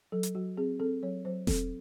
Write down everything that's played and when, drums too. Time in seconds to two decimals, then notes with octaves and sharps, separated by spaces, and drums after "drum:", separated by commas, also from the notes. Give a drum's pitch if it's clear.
0.12 F#3 A4
0.23 drum: hi-hat
0.35 F#3 F#4
0.57 C4 G#4
0.80 C4 A4
1.03 F#3 C#5
1.25 F#3 C5
1.47 C4 A4, drum: snare E1